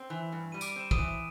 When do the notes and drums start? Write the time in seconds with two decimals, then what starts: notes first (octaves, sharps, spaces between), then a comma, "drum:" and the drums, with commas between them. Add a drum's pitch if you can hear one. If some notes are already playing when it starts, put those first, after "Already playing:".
Already playing: C4
0.10 E3
0.32 G2
0.52 G3 D#7
0.61 D6 D7, drum: tambourine
0.76 C4 E7
0.91 D#6 D#7, drum: kick
0.98 E3